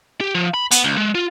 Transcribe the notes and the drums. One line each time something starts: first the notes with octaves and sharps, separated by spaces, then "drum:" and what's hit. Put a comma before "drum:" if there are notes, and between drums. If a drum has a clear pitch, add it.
G4
F3
B5
B3, drum: hi-hat
C#2
G#3
F4